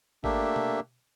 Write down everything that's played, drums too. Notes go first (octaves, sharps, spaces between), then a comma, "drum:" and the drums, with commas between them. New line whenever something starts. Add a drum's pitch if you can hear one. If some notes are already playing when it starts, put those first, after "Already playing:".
A3 A#3 D4 G4 E5, drum: kick G#1
drum: tom